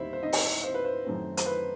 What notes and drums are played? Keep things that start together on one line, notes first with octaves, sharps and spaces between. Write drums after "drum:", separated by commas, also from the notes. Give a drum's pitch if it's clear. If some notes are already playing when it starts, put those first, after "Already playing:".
Already playing: D#2 D#3 G3 D#4 E4 C5 E5
C5
D#4 D#5
drum: open hi-hat
C5
B4
C5
F#2 D#3 A3 C4
C5, drum: hi-hat
B4